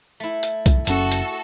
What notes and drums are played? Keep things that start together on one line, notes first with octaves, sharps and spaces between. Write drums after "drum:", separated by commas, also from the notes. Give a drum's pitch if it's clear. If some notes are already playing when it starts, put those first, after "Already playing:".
A3 E4
drum: hi-hat
drum: kick B1, hi-hat
F#1 C#4 F#4 A4, drum: hi-hat
drum: hi-hat